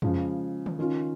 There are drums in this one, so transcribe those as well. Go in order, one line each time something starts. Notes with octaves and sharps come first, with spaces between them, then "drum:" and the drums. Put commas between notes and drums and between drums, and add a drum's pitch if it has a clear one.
C#3 F3 G#3, drum: tom
drum: tom D3
D#3 C#4 F4